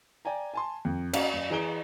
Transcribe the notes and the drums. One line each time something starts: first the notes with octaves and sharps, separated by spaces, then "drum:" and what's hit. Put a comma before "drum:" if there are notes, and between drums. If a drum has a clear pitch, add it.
D5 G5 G#5 A#5
G#5 A5 C6
F2
C#4 F#4 C#5 D5 F5 A#5, drum: cymbal
F#2
E3 G#4 A#5 D7 G7